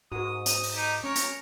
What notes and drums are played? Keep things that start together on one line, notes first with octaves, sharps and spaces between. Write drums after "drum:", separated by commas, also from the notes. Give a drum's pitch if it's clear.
G#2 F#4 A#4 D#6
D#6, drum: hi-hat
drum: open hi-hat
D#4 G4
C#4 A#4 C#5
drum: hi-hat